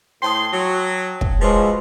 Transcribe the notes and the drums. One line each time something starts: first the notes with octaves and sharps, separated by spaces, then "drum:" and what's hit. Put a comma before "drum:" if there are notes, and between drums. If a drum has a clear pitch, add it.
A2 G5 A5 C6 D#6
F#3
drum: kick
F3 F#3 G#3 B4 C5 C6